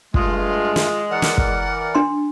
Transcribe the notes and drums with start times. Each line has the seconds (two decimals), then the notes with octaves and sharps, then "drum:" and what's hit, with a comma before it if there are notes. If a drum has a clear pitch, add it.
0.14 G2 G#3 A3 F4, drum: kick
0.76 drum: snare
1.11 E3 A#4 D5 F#5
1.22 drum: snare
1.38 drum: kick
1.95 D4 C6